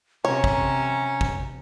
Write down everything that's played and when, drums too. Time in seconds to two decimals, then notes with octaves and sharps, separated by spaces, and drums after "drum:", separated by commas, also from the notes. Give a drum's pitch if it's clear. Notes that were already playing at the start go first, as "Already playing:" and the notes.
0.25 C3 C#4 C#5 A#5
0.44 drum: kick
1.21 drum: kick